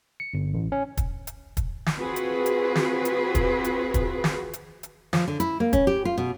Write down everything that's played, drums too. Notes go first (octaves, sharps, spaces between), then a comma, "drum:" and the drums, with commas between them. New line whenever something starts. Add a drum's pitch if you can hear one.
C#7
G1
A1
C#4
drum: kick, hi-hat
drum: hi-hat
drum: kick, hi-hat
drum: snare
C4 F4 F#4 G#4 B4
drum: hi-hat
drum: hi-hat
drum: snare
drum: hi-hat
drum: kick, hi-hat
drum: hi-hat
drum: kick, hi-hat
drum: snare
drum: hi-hat
drum: hi-hat
F3, drum: snare
D3
E4, drum: hi-hat
A#3
C#4, drum: kick, hi-hat
G4
F4
B2